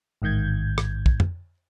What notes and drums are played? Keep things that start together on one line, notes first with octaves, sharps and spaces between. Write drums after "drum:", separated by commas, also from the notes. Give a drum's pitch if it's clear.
A1 G#2 D#3 G6 G#6
drum: rim click
drum: kick
drum: tom